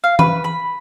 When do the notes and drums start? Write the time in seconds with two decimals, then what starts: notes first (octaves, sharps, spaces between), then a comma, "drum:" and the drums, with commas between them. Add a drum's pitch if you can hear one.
0.04 F5
0.19 B4, drum: tom
0.44 B5